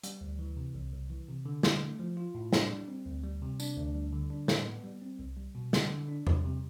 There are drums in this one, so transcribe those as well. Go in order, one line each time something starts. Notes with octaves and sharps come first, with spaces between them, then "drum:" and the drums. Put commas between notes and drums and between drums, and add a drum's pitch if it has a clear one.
G3, drum: hi-hat
D2
E3
C3
C2
C2
E3
C3
D3
D3, drum: snare
A3
F3
F4
A2
D4, drum: snare
G3
C4
D2
G3
C3
D4, drum: tambourine
D2
G3
D3
D4
A2, drum: snare
B3
G3
C4
C2
G3
B2
D3, drum: snare
D3
D4
G3, drum: tom E2
C3